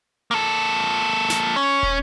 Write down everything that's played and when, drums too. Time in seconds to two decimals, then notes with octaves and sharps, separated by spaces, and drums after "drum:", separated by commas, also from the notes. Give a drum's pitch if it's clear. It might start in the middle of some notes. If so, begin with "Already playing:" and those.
0.31 A#3 A4
1.30 drum: snare
1.56 C#4
1.83 drum: kick